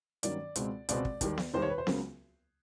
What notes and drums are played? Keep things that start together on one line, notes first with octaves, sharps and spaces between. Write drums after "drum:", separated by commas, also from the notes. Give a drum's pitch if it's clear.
G2 D#3 F#3 A#3 C#4 D5, drum: hi-hat
C#2 B2 G#3 C4, drum: hi-hat
C#2 B2 G#3 C4 D5, drum: hi-hat
drum: kick
D#2 D#3 G3, drum: kick, hi-hat
drum: snare B3
D#2 D#3 G3 C5
C#5
B4
C5
C#2 C#3 F#3 A#3 C#4, drum: snare B3